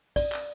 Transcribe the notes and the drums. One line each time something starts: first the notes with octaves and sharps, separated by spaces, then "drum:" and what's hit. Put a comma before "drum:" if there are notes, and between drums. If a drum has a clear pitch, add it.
D5, drum: kick, cymbal
drum: clap